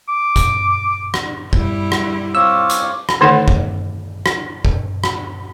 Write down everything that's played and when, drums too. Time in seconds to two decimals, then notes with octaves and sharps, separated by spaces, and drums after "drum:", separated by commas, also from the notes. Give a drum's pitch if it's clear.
0.09 D6
0.36 drum: kick, hi-hat
1.14 drum: rim click
1.53 G3 E4, drum: kick
1.92 drum: rim click
2.35 C4 F4 C#5 D6 E6
2.70 drum: hi-hat
3.09 drum: rim click
3.21 D3 D#3 A3 D#4 A4 F#5
3.48 drum: kick
4.26 drum: rim click
4.65 drum: kick
5.04 drum: rim click